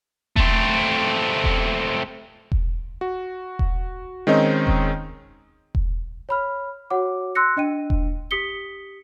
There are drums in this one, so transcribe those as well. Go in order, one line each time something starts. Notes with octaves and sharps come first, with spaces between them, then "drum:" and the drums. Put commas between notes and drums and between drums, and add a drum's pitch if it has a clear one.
A3 C4, drum: kick E1
drum: kick E1
drum: kick E1
F#4
drum: kick E1
D#3 G#3 C4 C#4 D#4 D#5
drum: kick E1
drum: kick E1
C#5 B5 F6
F#4 C#5 F#5 D6
C6 E6 F#6 A#6 C#7
D4 D#5 G5 D#7
drum: kick E1
G4 D#6 B6 C#7 G7